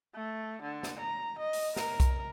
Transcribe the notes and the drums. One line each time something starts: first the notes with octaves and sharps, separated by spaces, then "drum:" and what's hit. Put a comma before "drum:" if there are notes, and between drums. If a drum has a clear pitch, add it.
A3
D3
drum: snare
A#5
D#5
drum: open hi-hat
A#4, drum: snare
drum: kick B1, hi-hat